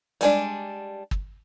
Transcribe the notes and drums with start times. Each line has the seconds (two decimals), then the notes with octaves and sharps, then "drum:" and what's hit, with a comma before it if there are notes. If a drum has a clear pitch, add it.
0.21 G3 G#3 D4, drum: hi-hat
1.11 drum: kick